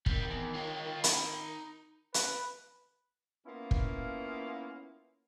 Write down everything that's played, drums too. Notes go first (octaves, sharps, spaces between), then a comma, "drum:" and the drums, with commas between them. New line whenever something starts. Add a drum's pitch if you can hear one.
D#3 G3 C4, drum: kick
E2
F4 C#5
D#4 B5, drum: hi-hat
B4, drum: hi-hat
A#3 B3 C#4 E4 F4
drum: kick